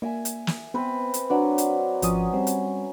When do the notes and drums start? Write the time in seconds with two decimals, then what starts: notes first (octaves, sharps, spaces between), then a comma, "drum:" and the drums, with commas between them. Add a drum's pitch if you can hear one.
0.02 A#3 E5 G#5
0.25 drum: hi-hat
0.47 drum: snare
0.74 B3 C4 B4
1.14 drum: hi-hat
1.30 F#3 D4 B4 D5
1.58 drum: hi-hat
2.02 G#1 F3 C#4 D#6, drum: hi-hat
2.33 G3 C4
2.47 drum: hi-hat